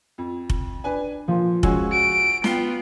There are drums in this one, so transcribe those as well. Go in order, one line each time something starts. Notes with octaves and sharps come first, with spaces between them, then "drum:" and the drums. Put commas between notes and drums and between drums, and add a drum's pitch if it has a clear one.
F2
drum: kick F1
D4 B4 G#5
A#2 F3
G#3 C#4 F#4 G#5 C#6 E6, drum: kick F1
F#4 D7
B3 F4 G5 C7 G7, drum: snare